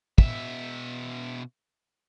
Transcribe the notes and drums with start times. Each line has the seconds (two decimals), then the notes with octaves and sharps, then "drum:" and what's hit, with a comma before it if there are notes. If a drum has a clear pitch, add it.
0.18 B2 E5, drum: kick